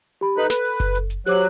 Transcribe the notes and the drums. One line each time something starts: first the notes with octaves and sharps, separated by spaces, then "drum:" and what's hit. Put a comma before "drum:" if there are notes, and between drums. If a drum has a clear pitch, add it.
G4 B5
D#4 A4 B4 B5
B4, drum: snare
drum: open hi-hat
drum: kick F#1, hi-hat
drum: hi-hat
drum: hi-hat
F#3 G4 C5 D6 F#6, drum: hi-hat